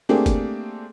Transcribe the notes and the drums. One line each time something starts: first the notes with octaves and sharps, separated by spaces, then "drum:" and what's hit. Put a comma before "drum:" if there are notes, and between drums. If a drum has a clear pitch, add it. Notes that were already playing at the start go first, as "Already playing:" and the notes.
A3 A#3 C4 D4 G4 G#4
drum: kick G1, hi-hat